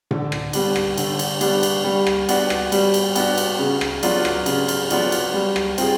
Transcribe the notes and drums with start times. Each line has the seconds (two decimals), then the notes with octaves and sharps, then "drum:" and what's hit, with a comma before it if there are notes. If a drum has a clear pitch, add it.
0.11 D3, drum: tom A2
0.32 drum: rim click
0.53 G3 B3 D4, drum: cymbal
0.76 drum: rim click
0.97 D3, drum: cymbal
1.19 drum: cymbal
1.41 G3 B3 D4, drum: cymbal
1.63 drum: cymbal
1.84 G3
2.07 drum: rim click
2.29 B3 D4 F#4, drum: cymbal
2.50 drum: rim click
2.72 G3, drum: cymbal
2.94 drum: cymbal
3.16 B3 D4 F#4, drum: cymbal
3.38 drum: cymbal
3.59 C#3
3.81 drum: rim click
4.03 F#3 B3 D4 F4, drum: cymbal
4.25 drum: rim click
4.46 C#3, drum: cymbal
4.68 drum: cymbal
4.90 F#3 B3 D4 F4, drum: cymbal
5.12 drum: cymbal
5.34 G3
5.56 drum: rim click
5.78 C4 F4 G#4, drum: cymbal